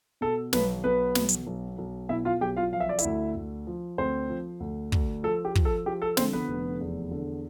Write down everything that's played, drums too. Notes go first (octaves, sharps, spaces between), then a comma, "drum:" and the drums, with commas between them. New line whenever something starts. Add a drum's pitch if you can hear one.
B2 A4
B1 B3 B4, drum: snare
B1 B3 B4
B2, drum: snare
drum: hi-hat
B1
B1
B2 E4 E5
F4 F5
B1 G4 G5
F4 F5
F3 F5
E5
D5
E4 E5, drum: hi-hat
D2
D2
F3
D2 C4 C5
F3
D2
D2, drum: kick
F3 A4
G4
F3, drum: kick
A4
F3 G4
A4
D3 C4 C5, drum: snare
B3 B4
F1
E2
D3